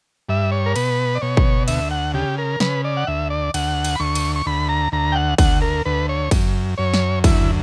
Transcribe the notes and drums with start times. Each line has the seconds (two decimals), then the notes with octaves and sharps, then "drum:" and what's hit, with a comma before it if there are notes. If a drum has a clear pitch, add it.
0.29 G2 E5
0.52 C#5
0.66 A#4
0.76 B2 B4, drum: cymbal
1.15 D5
1.22 B2 C#5
1.37 drum: kick
1.68 D2 E5, drum: cymbal
1.91 F#5
2.14 C#3 G4
2.38 A#4
2.60 C#3 B4, drum: snare
2.85 D5
2.97 F#5
3.07 D2 E5
3.30 D5
3.54 D2 F#5, drum: cymbal
3.85 drum: cymbal
3.96 B5
4.00 D2 C#6
4.15 drum: cymbal
4.36 C#6
4.46 D2 B5
4.69 A#5
4.92 D2 A#5
5.12 G5
5.16 F#5
5.38 D2 F#5, drum: kick, cymbal
5.62 A#4
5.86 D2 B4
6.09 C#5
6.31 F#2, drum: kick, cymbal
6.78 F#2 C#5
6.94 drum: snare
7.24 D2 E4, drum: kick, cymbal